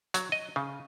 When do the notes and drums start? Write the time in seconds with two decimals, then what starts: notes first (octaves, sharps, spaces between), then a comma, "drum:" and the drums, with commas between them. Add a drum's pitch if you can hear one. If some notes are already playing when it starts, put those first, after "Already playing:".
0.14 F#3, drum: hi-hat
0.32 D#5
0.56 C#3